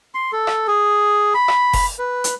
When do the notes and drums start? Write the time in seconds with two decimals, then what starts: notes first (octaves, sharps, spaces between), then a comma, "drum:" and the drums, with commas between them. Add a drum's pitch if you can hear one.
0.14 C6
0.32 A4
0.47 drum: rim click
0.67 G#4
1.34 B5
1.48 drum: rim click
1.73 drum: kick F#1, open hi-hat
1.99 B4
2.24 drum: hi-hat